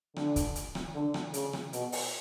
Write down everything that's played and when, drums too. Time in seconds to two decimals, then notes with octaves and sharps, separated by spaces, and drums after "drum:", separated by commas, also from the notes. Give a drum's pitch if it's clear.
0.16 D3, drum: rim click
0.36 drum: kick, hi-hat
0.55 drum: hi-hat
0.75 drum: rim click
0.95 D3
1.14 drum: rim click
1.34 C#3, drum: hi-hat
1.53 drum: rim click
1.73 B2, drum: hi-hat
1.92 drum: open hi-hat